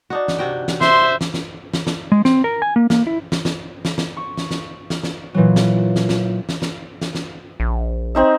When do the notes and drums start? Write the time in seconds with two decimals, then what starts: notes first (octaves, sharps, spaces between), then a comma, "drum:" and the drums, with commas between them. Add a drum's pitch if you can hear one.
0.10 D4 D#4 F#4
0.28 drum: snare
0.39 C3 F#4 G5
0.68 drum: snare
0.81 C5 E5 C6, drum: snare
1.21 drum: snare
1.34 drum: snare
1.73 drum: snare
1.87 drum: snare
2.12 G#3
2.25 C4, drum: snare
2.44 A#4
2.62 G#5
2.76 A#3
2.90 A#3, drum: snare
3.07 E4
3.32 drum: snare
3.45 drum: snare
3.85 drum: snare
3.98 drum: snare
4.17 C#6
4.37 drum: snare
4.51 drum: snare
4.90 drum: snare
5.03 drum: snare
5.34 A#2 E3 F#3
5.56 drum: snare
5.96 drum: snare
6.09 drum: snare
6.49 drum: snare
6.62 drum: snare
7.01 drum: snare
7.15 drum: snare
7.60 A#1
8.15 C4 D#4 E5